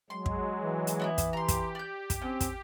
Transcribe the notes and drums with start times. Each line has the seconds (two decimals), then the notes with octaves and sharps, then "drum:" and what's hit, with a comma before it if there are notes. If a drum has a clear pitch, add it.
0.10 F#3 G#3 C6
0.26 drum: kick
0.60 E3
0.87 drum: hi-hat
0.99 B3 D#4 E4
1.18 drum: kick, hi-hat
1.33 G4 A#5 C6
1.48 drum: kick, hi-hat
1.75 D5 G6
2.10 drum: kick, hi-hat
2.22 C4 C#4
2.40 drum: kick, hi-hat